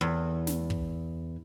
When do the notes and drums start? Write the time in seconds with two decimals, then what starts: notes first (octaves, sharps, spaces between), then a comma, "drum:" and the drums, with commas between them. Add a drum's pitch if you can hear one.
0.01 E2
0.47 drum: snare
0.70 drum: kick